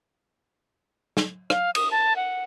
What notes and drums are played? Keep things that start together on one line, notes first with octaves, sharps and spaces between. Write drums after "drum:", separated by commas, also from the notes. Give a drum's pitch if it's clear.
drum: snare
F5, drum: rim click
D#6, drum: cymbal
A5
F#5